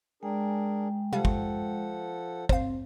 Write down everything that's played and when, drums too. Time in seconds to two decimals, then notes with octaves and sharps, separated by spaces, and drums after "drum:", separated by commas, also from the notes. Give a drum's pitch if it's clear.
0.23 G#3 D4 G#4 A#4 G5
1.13 C3 F3 G3 A4 F5 F#5
1.25 drum: kick
2.49 C4 C5 F5, drum: kick